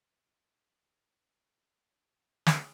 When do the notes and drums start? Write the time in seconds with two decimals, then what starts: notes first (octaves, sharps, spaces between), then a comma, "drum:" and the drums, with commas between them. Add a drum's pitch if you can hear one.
0.20 G2 B2 F3 B4
1.78 A3 A#3 F4 G4 C#5 E6
2.46 drum: snare